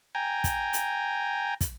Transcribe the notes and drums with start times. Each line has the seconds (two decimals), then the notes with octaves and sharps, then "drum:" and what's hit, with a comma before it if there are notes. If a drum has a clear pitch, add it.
0.15 G5 G#5 A#5
0.44 drum: kick, hi-hat
0.73 drum: hi-hat
1.61 drum: kick, hi-hat